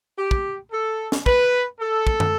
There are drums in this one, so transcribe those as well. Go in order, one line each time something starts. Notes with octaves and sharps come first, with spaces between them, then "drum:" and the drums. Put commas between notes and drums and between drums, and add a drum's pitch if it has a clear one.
G4
drum: kick
A4
drum: snare
B4, drum: kick
A4
drum: kick
drum: tom